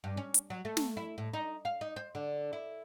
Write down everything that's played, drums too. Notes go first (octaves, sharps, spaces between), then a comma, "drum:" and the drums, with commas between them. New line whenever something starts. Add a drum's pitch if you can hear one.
G2
C#4
drum: hi-hat
F#3
A3
drum: snare
E4
A2
D#4
F5
D#4
C5
D3
E4